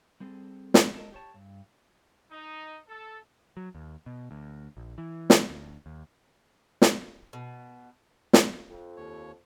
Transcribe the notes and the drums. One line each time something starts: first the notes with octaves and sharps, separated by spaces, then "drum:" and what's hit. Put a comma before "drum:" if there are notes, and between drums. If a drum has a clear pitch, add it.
G3 C4 G#4 A4
drum: snare
G#3 A4 A#4 D#5
G4 C#5 A5
G2
D#4
A4
F#3
D#2
B2
D2
A#1
E3
drum: snare
D2
D#2
drum: snare
B2
drum: snare
F2
D#2 C#5